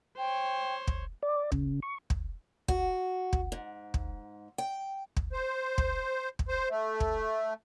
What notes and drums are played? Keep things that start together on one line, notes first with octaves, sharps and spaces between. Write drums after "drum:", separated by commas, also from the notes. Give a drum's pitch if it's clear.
C5 C#5 G5
drum: kick
D5
C#3, drum: kick
C#6
drum: kick
F#4, drum: kick
drum: kick
G#2
drum: kick
G5
drum: kick
C5
drum: kick
drum: kick
C5
A3
drum: kick